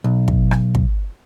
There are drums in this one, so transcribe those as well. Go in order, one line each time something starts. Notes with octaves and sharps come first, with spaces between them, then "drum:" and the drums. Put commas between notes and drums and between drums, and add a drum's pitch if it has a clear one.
B1
drum: kick
drum: rim click
drum: kick